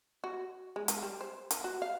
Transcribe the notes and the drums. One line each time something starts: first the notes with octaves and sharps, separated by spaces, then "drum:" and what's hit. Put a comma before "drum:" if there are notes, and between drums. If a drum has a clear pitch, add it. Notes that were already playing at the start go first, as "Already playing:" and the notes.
F#4
G#3
drum: hi-hat
G3
C5
drum: hi-hat
F#4
F5